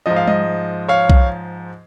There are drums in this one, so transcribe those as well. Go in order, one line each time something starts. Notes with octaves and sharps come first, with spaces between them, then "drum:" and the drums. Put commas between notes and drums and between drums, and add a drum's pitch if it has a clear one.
G#2 F3 D#5
F5
D#5, drum: tom G3
C#5 F5
drum: kick B1